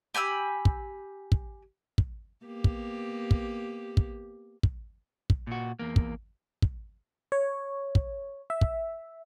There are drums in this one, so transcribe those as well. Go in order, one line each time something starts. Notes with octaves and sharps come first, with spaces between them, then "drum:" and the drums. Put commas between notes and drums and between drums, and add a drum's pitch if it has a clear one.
G4 G#5 B5 E6
drum: kick
drum: kick
drum: kick
A#3 B3 G4
drum: kick
drum: kick
drum: kick
drum: kick
drum: kick
A#2 F#4
E2 A#3
drum: kick
drum: kick
C#5
drum: kick
E5
drum: kick